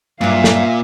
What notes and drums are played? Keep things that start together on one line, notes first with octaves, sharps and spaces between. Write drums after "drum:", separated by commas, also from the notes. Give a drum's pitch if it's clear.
G2 A#2 F#3 E5 F5
drum: snare